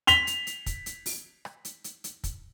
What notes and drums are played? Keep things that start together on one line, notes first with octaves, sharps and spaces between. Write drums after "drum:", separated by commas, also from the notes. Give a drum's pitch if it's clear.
B6 F7 G7, drum: hi-hat
drum: hi-hat
drum: hi-hat
drum: kick, hi-hat
drum: hi-hat
drum: open hi-hat
drum: rim click
drum: hi-hat
drum: hi-hat
drum: hi-hat
drum: kick, hi-hat